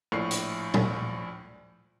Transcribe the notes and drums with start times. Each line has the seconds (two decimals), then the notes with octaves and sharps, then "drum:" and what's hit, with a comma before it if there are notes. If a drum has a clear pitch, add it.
0.12 A#1 A2 C#6 C7
0.31 drum: hi-hat
0.74 drum: tom A#2